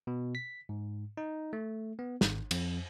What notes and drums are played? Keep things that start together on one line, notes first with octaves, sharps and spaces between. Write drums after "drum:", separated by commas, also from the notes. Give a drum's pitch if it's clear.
B2
B6
G#2
D#4
A3
B3
G#1, drum: snare
F2, drum: cymbal